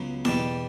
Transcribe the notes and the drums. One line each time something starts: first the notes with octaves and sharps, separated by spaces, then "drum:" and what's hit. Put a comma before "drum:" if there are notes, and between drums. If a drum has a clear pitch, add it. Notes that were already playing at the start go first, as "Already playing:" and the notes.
Already playing: C#2 C#3 F#3 B3
E2 B2 G3 A5, drum: snare E4